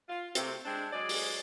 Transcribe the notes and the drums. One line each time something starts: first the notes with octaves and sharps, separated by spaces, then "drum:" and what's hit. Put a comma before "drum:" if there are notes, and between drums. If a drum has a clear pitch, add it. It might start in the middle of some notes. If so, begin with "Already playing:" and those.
F4
C3 A3 C4, drum: hi-hat
G#3 C4 D4
F#3 G#3 G#4 D5
drum: open hi-hat